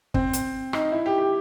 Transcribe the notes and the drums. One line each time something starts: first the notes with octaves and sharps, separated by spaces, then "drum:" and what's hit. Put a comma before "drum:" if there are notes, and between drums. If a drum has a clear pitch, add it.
C4, drum: kick
drum: hi-hat
D#4, drum: rim click
E4
G4
G4